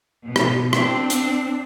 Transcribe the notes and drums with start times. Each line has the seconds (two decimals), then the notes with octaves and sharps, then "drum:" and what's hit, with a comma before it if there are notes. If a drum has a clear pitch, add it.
0.25 B2
0.36 drum: rim click
0.73 C4 D4, drum: rim click
1.10 drum: hi-hat